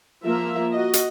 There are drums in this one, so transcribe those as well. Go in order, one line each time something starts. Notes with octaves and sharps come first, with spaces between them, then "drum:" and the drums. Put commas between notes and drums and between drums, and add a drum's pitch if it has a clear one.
F3 A#3 F4 A#4 E5
F#4 D#5
drum: hi-hat